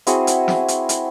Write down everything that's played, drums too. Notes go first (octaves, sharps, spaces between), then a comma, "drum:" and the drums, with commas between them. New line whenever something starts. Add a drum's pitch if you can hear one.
C4 E4 F#4 G#4, drum: hi-hat
drum: hi-hat
drum: snare
drum: hi-hat
drum: hi-hat